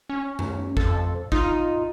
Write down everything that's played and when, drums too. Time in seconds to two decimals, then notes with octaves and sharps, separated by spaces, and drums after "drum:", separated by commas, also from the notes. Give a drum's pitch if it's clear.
0.09 C#4
0.39 drum: tom F#2
0.77 F2 A4, drum: kick G#1
1.32 D#4 F4, drum: kick G#1